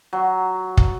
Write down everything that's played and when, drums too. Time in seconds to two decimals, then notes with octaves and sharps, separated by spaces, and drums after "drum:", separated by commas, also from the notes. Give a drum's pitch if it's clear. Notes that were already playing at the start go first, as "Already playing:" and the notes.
0.13 F#3
0.77 drum: kick